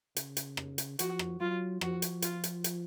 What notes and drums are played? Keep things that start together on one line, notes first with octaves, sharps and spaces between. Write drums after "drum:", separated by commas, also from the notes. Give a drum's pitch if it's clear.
C#3, drum: hi-hat
drum: hi-hat
drum: rim click
drum: hi-hat
F3 F#4, drum: hi-hat
drum: rim click
F#3 F4
F3 F#4, drum: rim click
drum: hi-hat
F4, drum: hi-hat
drum: hi-hat
drum: hi-hat